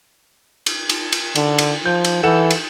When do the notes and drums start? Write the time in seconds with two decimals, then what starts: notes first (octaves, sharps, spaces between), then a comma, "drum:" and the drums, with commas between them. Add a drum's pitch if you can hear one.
0.66 drum: cymbal
0.89 drum: cymbal
1.12 drum: cymbal
1.35 D3, drum: cymbal
1.58 drum: cymbal
1.86 F3 G6
2.04 drum: cymbal
2.23 E3 A4 F#5 E7
2.51 drum: cymbal